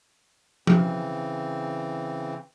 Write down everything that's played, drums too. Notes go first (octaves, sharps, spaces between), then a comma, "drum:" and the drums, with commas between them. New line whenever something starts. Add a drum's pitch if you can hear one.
C#3 E3 C4, drum: tom F3